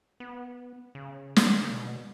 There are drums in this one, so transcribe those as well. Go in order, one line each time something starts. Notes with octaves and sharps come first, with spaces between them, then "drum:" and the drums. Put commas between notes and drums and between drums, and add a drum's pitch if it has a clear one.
B3
C#3
F#3, drum: snare
E3
D#3
C#3
B2